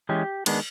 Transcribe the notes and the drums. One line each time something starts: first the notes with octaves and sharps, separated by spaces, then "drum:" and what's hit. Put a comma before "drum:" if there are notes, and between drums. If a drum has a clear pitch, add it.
E3 G#3 C#4 G4
D#3 G#3 B3 D4, drum: cymbal